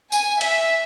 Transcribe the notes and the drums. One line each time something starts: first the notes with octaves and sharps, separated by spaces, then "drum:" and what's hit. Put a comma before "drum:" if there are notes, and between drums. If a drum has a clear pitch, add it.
G#5, drum: tambourine
E5, drum: cymbal